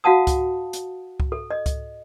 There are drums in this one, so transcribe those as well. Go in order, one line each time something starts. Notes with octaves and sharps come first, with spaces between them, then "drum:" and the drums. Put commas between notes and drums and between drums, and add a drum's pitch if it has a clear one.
F#4 F5 F#5 A5 D#6
drum: kick C#2, hi-hat
drum: hi-hat
drum: kick C#2
A4
D#5
drum: kick C#2, hi-hat